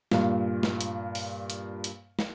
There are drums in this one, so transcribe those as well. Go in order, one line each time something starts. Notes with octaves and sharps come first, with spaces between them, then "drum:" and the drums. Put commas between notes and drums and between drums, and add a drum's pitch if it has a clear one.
G2 A#2, drum: snare
drum: snare
drum: hi-hat
drum: open hi-hat
drum: hi-hat
drum: hi-hat
drum: snare